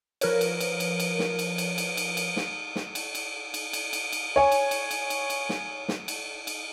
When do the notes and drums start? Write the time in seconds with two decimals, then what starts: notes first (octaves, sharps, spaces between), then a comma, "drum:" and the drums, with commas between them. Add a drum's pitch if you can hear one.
0.21 F3 A#4 B4 C#5, drum: cymbal
0.41 drum: cymbal
0.60 drum: cymbal
0.80 drum: cymbal
1.00 drum: cymbal
1.19 drum: snare
1.39 drum: cymbal
1.58 drum: cymbal
1.78 drum: cymbal
1.97 drum: cymbal
2.17 drum: cymbal
2.36 drum: snare
2.76 drum: snare
2.95 drum: cymbal
3.15 drum: cymbal
3.54 drum: cymbal
3.73 drum: cymbal
3.93 drum: cymbal
4.12 drum: cymbal
4.36 C#5 G#5
4.52 drum: cymbal
4.71 drum: cymbal
4.91 drum: cymbal
5.10 drum: cymbal
5.30 drum: cymbal
5.49 drum: snare
5.88 drum: snare
6.08 drum: cymbal
6.47 drum: cymbal